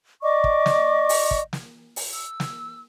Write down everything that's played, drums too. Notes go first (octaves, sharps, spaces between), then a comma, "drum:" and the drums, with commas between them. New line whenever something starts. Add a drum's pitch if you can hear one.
D5 D#5 C#6 D6
drum: kick
drum: snare
drum: open hi-hat
drum: kick
drum: snare
drum: open hi-hat
E6
drum: snare